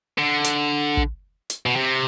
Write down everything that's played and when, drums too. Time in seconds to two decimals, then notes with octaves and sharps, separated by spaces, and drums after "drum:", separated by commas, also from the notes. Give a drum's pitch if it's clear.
0.18 D3
0.44 drum: hi-hat
0.97 drum: kick
1.50 drum: hi-hat
1.66 B2
1.76 C3